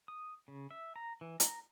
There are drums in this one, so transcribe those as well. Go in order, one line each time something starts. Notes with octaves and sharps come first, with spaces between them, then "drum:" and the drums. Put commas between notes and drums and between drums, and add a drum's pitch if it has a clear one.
D#6
C#3
E5
A#5
E3
A#5, drum: hi-hat